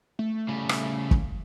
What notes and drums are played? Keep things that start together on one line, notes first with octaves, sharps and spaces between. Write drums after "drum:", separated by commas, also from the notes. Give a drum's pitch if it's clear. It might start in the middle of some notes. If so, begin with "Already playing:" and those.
A3
C#3 G3
drum: rim click
drum: kick